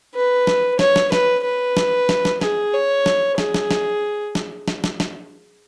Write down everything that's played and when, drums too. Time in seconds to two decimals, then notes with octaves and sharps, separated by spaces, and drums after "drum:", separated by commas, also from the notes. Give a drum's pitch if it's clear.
0.15 B4
0.47 drum: snare
0.79 C#5, drum: snare
0.96 drum: snare
1.12 B4, drum: snare
1.44 B4
1.77 drum: snare
2.09 drum: snare
2.25 drum: snare
2.41 G#4, drum: snare
2.74 C#5
3.06 drum: snare
3.38 G#4, drum: snare
3.54 drum: snare
3.71 drum: snare
4.35 drum: snare
4.68 drum: snare
4.84 drum: snare
5.00 drum: snare